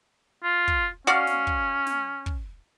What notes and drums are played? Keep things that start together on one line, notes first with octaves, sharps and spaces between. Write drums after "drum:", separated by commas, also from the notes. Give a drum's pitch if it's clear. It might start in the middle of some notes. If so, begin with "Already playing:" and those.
F4
drum: kick
C#4 F#4 D5 F5
drum: snare
drum: kick
drum: snare
drum: kick